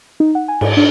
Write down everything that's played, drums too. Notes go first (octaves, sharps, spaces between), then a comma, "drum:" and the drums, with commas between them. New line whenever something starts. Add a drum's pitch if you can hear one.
D#4
F#5
G#5
G#2, drum: cymbal
D4